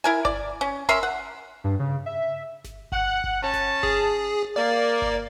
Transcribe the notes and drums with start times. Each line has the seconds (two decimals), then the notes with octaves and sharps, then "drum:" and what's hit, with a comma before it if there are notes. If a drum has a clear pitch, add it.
0.04 E4 A#4 G#5
0.25 D5, drum: kick G1
0.61 C#4
0.89 C#4 A#4 E5 C6, drum: snare G1
1.03 F#5
1.64 G2
1.79 C#3
2.06 E5
2.64 drum: snare G1
2.92 F#5, drum: kick G1
3.24 drum: kick G1
3.42 C#4 A5
3.53 drum: snare G1
3.83 G#4, drum: kick G1
4.56 A#3 D5
5.02 drum: kick G1